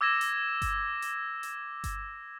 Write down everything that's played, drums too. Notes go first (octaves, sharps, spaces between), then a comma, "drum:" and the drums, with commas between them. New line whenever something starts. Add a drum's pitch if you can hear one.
D6 E6 G#6 A#6 E7
drum: hi-hat
drum: kick G1, hi-hat
drum: hi-hat
drum: hi-hat
drum: kick G1, hi-hat